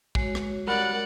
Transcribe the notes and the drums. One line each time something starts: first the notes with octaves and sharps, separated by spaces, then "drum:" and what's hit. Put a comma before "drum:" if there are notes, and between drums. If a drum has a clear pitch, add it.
G#3 F#4 C#5, drum: kick
drum: rim click
G3 A#4 D5 F#5 B5